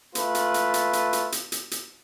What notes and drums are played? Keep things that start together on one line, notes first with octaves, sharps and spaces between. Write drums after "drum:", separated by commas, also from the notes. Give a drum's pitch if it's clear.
A3 F4 B4, drum: hi-hat
drum: hi-hat
drum: hi-hat
drum: hi-hat
drum: hi-hat
drum: hi-hat
drum: hi-hat
drum: hi-hat
drum: hi-hat